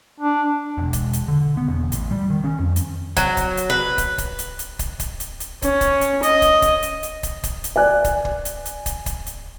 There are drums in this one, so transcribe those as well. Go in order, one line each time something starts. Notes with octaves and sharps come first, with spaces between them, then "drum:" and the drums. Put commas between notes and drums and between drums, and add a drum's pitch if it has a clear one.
D4
E1
drum: kick, hi-hat
drum: hi-hat
D3
B3
E1
A1, drum: hi-hat
G3
D#3
C#4
F2
drum: hi-hat
F#3, drum: kick, hi-hat
drum: kick, hi-hat
drum: hi-hat
B4
drum: kick, hi-hat
drum: kick, hi-hat
drum: hi-hat
drum: hi-hat
drum: kick, hi-hat
drum: kick, hi-hat
drum: hi-hat
drum: hi-hat
C#4, drum: kick, hi-hat
drum: kick, hi-hat
drum: hi-hat
D#5, drum: hi-hat
drum: kick, hi-hat
drum: kick, hi-hat
drum: hi-hat
drum: hi-hat
drum: kick, hi-hat
drum: kick, hi-hat
drum: hi-hat
D5 G#5 F#6
drum: kick, hi-hat
drum: kick
drum: hi-hat
drum: hi-hat
drum: kick, hi-hat
drum: kick, hi-hat
drum: hi-hat